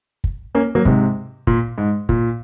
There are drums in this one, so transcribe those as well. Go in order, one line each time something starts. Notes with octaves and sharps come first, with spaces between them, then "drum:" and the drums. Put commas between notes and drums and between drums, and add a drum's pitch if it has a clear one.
drum: kick
A#3 C#4
F#3 A#3
G#2 C3, drum: kick
A#2, drum: kick
G#2
A#2, drum: kick